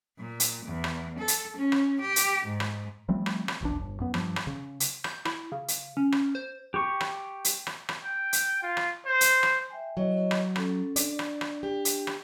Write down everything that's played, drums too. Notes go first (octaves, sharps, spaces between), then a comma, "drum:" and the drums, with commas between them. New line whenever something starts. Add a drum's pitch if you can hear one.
A#2
drum: hi-hat
E2
drum: rim click
A4
drum: hi-hat
C#4
drum: rim click
G4
drum: hi-hat
G#2
drum: rim click
F3 G3 A3 C4
drum: rim click
drum: rim click
F1 B1 E2 D4
G1
F#2 B3
G2 F3, drum: rim click
drum: rim click
C#3
drum: hi-hat
G6, drum: rim click
E4, drum: rim click
C#3
drum: hi-hat
C#4
drum: rim click
C5
G4 C#6
drum: rim click
drum: hi-hat
drum: rim click
drum: rim click
G5
drum: hi-hat
F4
drum: rim click
C5
drum: hi-hat
drum: rim click
E5 G5 G#5
F#3 E4 C#5 D#5
drum: rim click
C#4 A4, drum: rim click
D4 D5, drum: hi-hat
drum: rim click
drum: rim click
G4
drum: hi-hat
drum: rim click